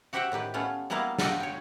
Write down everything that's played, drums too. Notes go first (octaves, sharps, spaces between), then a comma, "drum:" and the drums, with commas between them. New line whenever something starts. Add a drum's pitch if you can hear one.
F#4 G4 C5 E5 F#5 G5
A2 D#3 G4 B4
A3 B3 C#4 F4
G3 A#3 B3 E4 D#5 F5
F4 F#4 A4 D5 D#5 G5, drum: snare
C#5 G5